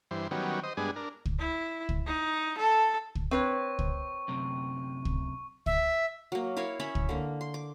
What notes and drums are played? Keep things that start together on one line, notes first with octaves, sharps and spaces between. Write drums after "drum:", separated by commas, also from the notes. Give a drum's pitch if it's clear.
G2 E3 C5
D#3 F#3 G3 B3 C#4
C5 D#5
G2 G#3 B3 D4 G#4
D4 A#4
drum: kick
E4
drum: kick
D#4
A4
drum: kick
C4 B4 C#5 C#6
drum: kick
F#2 C3
drum: kick
E5, drum: kick
F#3 A#3
E4 A#4 C#5 F5
C#4 C#5 E5 B5
drum: kick
D3 A#3
C6
D6